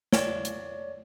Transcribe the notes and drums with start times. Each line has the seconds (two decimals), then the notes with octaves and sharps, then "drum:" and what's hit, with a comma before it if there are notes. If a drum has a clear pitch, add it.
0.12 C#5 D5, drum: snare
0.45 drum: hi-hat